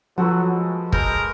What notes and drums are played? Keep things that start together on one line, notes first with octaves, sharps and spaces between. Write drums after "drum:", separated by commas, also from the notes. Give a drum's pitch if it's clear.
F3 F#3 F#4 A4 B4
G#3
G#3 A#4 B4 G6, drum: kick